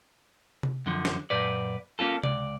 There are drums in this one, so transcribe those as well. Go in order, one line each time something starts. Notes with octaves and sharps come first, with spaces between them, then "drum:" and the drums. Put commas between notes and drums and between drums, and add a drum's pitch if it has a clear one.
drum: tom C3
F#2 D3 F3
drum: snare
F#2 A#2 B4 D5
A#3 C#4 F4 A4
C#2 D5, drum: tom C3